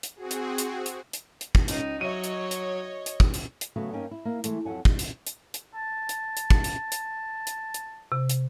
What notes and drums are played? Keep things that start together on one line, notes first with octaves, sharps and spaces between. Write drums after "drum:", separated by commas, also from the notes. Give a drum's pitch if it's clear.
drum: hi-hat
C4 F#4 G#4
drum: hi-hat
drum: hi-hat
drum: hi-hat
drum: hi-hat
drum: hi-hat
drum: kick
C#2 C#4 D#4, drum: hi-hat
F#3 C#5 D#5 E5 D#7
drum: hi-hat
drum: hi-hat
drum: hi-hat
drum: kick
drum: hi-hat
drum: hi-hat
C#3 F#3 A3 B3 F#4
G2 A#3 C#4 D#4 G5 G#5
E4
A#3 E4
E3 G#3 A3, drum: hi-hat
F2 F#3 A4 F#5 G#5
drum: kick
drum: hi-hat
drum: hi-hat
drum: hi-hat
A5
drum: hi-hat
drum: hi-hat
drum: kick
drum: hi-hat
drum: hi-hat
drum: hi-hat
drum: hi-hat
C3
drum: hi-hat